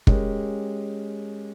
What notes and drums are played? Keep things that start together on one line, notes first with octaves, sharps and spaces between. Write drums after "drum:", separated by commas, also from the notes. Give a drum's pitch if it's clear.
G#3 C#4 G4 A#4, drum: kick